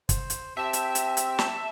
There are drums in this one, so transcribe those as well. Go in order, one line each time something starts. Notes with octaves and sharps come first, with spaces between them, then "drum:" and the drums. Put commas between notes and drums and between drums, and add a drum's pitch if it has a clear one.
C5, drum: kick, hi-hat
drum: hi-hat
C4 G4 E5 A5
drum: hi-hat
drum: hi-hat
drum: hi-hat
A5, drum: snare